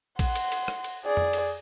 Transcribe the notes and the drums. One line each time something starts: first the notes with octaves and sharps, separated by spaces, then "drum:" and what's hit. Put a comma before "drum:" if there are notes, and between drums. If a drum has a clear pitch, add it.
F#5 C6, drum: kick A#1, cymbal
drum: cymbal
drum: cymbal
drum: rim click
drum: cymbal
G#4 D5
drum: tom F2
drum: cymbal